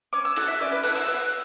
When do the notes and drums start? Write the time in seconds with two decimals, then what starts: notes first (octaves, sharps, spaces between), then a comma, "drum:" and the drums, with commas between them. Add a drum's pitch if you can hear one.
0.13 C#4 D6
0.25 E6
0.36 E4 A4 F#5, drum: cymbal
0.48 E5
0.60 C#4 D5
0.72 B4
0.83 E4 A4 F#5, drum: cymbal
0.96 E6, drum: open hi-hat
1.07 B3